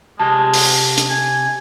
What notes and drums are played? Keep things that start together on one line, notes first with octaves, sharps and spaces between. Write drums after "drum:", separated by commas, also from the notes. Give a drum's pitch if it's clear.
C3 G#3 G4 A5
drum: open hi-hat
drum: hi-hat
G#5